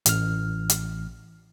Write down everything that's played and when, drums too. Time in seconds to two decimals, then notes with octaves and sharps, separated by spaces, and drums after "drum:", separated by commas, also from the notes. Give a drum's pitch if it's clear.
0.06 A1 F6, drum: hi-hat
0.70 drum: hi-hat